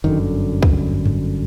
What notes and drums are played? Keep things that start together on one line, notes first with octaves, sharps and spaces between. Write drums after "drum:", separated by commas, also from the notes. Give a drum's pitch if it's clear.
G1 F#2 D3 D#3
drum: kick
drum: tom G2